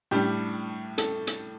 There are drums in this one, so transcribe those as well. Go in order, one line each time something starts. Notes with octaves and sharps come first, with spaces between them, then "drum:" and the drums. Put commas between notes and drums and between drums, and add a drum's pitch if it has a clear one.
A2 G3 D4 G4
A4, drum: hi-hat
drum: hi-hat